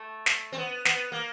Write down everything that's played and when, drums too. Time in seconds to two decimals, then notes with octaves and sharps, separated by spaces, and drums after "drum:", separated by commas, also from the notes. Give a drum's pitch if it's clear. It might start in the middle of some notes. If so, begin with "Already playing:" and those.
Already playing: A3
0.26 drum: snare
0.52 C4
0.58 B3
0.85 B3, drum: snare
1.12 A#3